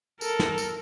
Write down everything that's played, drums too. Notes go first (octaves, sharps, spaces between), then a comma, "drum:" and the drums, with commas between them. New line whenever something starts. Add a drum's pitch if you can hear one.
A4 A#4, drum: tambourine
drum: snare
drum: tambourine